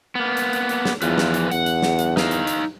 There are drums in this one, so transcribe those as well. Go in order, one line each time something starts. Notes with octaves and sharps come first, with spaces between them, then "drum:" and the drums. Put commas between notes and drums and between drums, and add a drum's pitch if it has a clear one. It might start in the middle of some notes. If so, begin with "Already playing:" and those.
A#3 B3
drum: hi-hat
drum: hi-hat
drum: hi-hat
drum: snare
E2 F3 F4 B4, drum: hi-hat
drum: snare
drum: hi-hat
E2 F#5, drum: hi-hat
drum: hi-hat
drum: snare
drum: hi-hat
D#4 F5, drum: snare
drum: hi-hat
drum: hi-hat